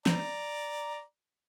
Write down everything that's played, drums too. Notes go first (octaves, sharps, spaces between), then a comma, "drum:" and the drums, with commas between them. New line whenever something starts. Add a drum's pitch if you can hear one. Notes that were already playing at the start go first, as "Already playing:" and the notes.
D5 A#5, drum: snare